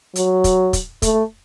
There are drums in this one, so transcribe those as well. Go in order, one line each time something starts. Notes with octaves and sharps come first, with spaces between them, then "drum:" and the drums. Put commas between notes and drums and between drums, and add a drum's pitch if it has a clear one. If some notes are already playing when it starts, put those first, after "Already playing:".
F#3, drum: hi-hat
drum: kick, hi-hat
drum: kick, hi-hat
A3, drum: kick, hi-hat